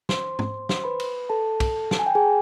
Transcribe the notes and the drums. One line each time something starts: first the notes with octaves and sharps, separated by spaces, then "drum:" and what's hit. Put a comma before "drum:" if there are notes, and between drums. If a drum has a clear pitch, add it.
C5 C6, drum: snare
drum: tom
C5 C6, drum: snare
B4 B5
drum: cymbal
A4 A5
drum: kick, cymbal
A5, drum: snare
G#5
G5
G#4 G#5